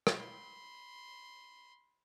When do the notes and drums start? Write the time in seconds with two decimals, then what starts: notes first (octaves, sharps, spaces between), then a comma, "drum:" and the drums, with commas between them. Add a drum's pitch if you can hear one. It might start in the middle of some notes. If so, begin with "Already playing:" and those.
0.07 drum: rim click
0.16 B5 C6